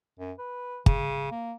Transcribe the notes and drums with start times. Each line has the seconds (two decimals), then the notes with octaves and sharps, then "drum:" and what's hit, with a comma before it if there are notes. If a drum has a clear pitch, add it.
0.19 F#2
0.39 B4
0.86 C#3, drum: kick
1.31 A#3